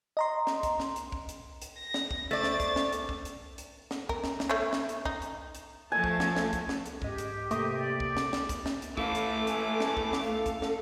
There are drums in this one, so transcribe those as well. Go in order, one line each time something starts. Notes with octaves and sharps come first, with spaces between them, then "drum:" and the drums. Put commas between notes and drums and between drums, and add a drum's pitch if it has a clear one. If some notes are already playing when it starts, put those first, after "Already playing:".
D#5 A#5 C6
drum: snare
drum: kick, hi-hat
drum: snare
drum: hi-hat
drum: kick
drum: hi-hat
drum: hi-hat
A#6
drum: snare
drum: kick
A3 C5 D5 A6
drum: snare
drum: kick, hi-hat
drum: snare
drum: hi-hat
drum: kick
drum: hi-hat
drum: hi-hat
drum: snare
A#4, drum: kick
drum: snare
drum: snare
A3 C#4 C#5
drum: snare
drum: hi-hat
D#4, drum: kick
drum: hi-hat
drum: hi-hat
F3 A3 G#5 A5
drum: kick
drum: snare
drum: snare
drum: kick, hi-hat
drum: snare
drum: hi-hat
G#2 G4 D#5, drum: kick
drum: hi-hat
C3 A3 A#3 D#5, drum: hi-hat
D5
drum: kick
drum: snare
drum: snare
drum: kick, hi-hat
drum: snare
drum: hi-hat
A3 E4 A4 B4 F5 D6, drum: kick
drum: hi-hat
G#5, drum: hi-hat
drum: snare
drum: kick
drum: snare
A4 F5
drum: kick, hi-hat
drum: snare